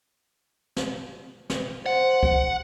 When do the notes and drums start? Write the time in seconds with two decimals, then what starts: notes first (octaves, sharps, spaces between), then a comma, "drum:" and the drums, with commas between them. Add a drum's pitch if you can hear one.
0.76 drum: snare
1.50 drum: snare
1.86 C5 F#5
2.23 drum: kick C#2